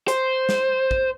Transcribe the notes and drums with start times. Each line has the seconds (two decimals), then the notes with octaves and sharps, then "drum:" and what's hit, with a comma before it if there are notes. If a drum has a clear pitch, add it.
0.08 C5, drum: hi-hat
0.49 drum: snare
0.91 drum: kick